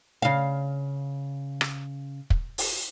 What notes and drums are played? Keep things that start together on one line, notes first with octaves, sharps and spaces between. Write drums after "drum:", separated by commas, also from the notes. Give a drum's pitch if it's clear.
C#3 F5
drum: rim click
drum: kick
drum: open hi-hat